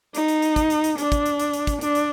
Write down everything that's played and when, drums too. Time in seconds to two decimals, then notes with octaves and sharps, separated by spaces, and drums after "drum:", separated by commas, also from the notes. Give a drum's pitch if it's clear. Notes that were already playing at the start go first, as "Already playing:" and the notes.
0.15 D#4, drum: hi-hat
0.28 drum: hi-hat
0.42 drum: hi-hat
0.56 drum: kick, hi-hat
0.70 drum: hi-hat
0.84 drum: hi-hat
0.98 D4, drum: hi-hat
1.12 drum: kick, hi-hat
1.26 drum: hi-hat
1.40 drum: hi-hat
1.53 drum: hi-hat
1.67 drum: kick, hi-hat
1.81 D4, drum: hi-hat
1.95 drum: hi-hat